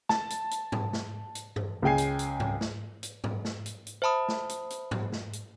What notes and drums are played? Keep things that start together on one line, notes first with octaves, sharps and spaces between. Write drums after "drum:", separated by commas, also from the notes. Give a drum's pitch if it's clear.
A5, drum: snare
drum: hi-hat
drum: hi-hat
drum: tom G#2
drum: snare
drum: hi-hat
drum: tom G2
C#2 C#3 G#3 G5 G#5 C7
drum: hi-hat
drum: hi-hat
drum: tom G#2
drum: snare
drum: hi-hat
drum: tom G#2
drum: snare
drum: hi-hat
drum: hi-hat
C5 E5 A5 B5 D#6
drum: snare
drum: hi-hat
drum: hi-hat
drum: tom G#2
drum: snare
drum: hi-hat